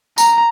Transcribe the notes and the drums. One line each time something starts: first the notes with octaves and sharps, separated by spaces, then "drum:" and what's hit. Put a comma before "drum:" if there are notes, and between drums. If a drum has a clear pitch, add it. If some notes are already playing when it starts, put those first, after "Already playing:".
A#5, drum: tambourine